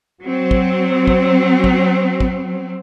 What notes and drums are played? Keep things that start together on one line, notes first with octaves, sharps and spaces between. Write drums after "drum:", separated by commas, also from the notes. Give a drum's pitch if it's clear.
F#3 C4
drum: kick
drum: kick
drum: kick
drum: kick